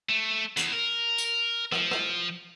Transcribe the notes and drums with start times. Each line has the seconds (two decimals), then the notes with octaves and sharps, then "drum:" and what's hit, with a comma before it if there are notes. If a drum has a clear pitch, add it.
0.09 A3
0.57 E2, drum: hi-hat
0.73 A#4
1.18 drum: tambourine
1.72 F3, drum: rim click
1.91 drum: rim click